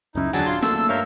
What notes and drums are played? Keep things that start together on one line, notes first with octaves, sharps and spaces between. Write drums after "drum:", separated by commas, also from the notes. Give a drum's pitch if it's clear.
C#2 F#2 C#4 D#4 E4
E2 D3 F#3 D4 G#4 F#5 A5, drum: hi-hat
D#1 F4 C6
A3 A#3 A4 E6, drum: snare
G2 A#4 C#5 E5 F5 G6